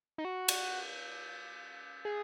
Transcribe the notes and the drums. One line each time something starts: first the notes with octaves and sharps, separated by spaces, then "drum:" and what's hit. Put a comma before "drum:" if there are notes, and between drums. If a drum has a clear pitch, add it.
D#4
F#4
drum: cymbal
G#4